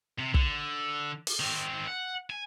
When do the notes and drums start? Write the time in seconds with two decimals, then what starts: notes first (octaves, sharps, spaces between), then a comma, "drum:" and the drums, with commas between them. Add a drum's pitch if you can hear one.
0.19 C3
0.34 D3, drum: kick
1.27 drum: open hi-hat
1.40 D#3 C4
1.88 F#5
2.30 G#5